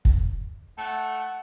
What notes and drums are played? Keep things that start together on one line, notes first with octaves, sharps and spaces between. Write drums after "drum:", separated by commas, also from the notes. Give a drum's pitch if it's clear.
drum: kick
A3 F#5